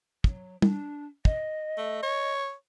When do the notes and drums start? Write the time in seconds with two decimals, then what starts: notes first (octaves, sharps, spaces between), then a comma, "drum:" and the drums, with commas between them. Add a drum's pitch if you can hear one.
0.24 F#3, drum: kick
0.62 D4, drum: tom
1.25 D#5, drum: kick
1.78 A3
2.03 C#5